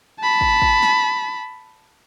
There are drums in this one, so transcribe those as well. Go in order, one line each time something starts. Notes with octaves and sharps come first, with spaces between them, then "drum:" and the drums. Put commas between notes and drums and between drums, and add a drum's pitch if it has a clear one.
A5 B5
drum: kick
drum: kick
drum: snare